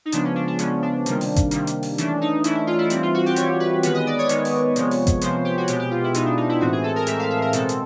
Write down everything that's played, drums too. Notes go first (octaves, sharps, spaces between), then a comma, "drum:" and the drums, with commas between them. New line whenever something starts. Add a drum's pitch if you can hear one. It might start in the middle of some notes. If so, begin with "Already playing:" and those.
D#4
C#3 F3 G#3 B3 D4, drum: hi-hat
C#4
D4
D4
C#3 F3 G#3 B3 C#4, drum: hi-hat
D4
C3 D#3 G3 A#3, drum: hi-hat
drum: open hi-hat
drum: kick G#1, hi-hat
C3 D#3 G3 A#3, drum: hi-hat
drum: hi-hat
drum: open hi-hat
E3 A3 C#4 D4, drum: hi-hat
D#4
E3 A3 C#4 E4, drum: hi-hat
E4
F4
E4
E3 G3 C4 E4, drum: hi-hat
F4
F#4
G4
E3 G3 C4 C#5, drum: hi-hat
B4
D#3 G#3 B3 B4, drum: hi-hat
D#5
D5
C#5
D#3 G#3 B3, drum: hi-hat
drum: open hi-hat
C3 F3 G#3 B3, drum: hi-hat
drum: open hi-hat
drum: kick G#1, hi-hat
C3 F3 G#3 B3 C5, drum: hi-hat
G4
F#4
B2 G#3 B3 G4, drum: hi-hat
G4
F4
E4
B2 G#3 B3 D#4, drum: hi-hat
D4
D#4
E4
A2 E3 G#3 C4 F#4
G#4
A4
A#4
A2 E3 G#3 C4 E5, drum: hi-hat
F5
E5
A#4
B2 G#3 C4 A4, drum: hi-hat
drum: hi-hat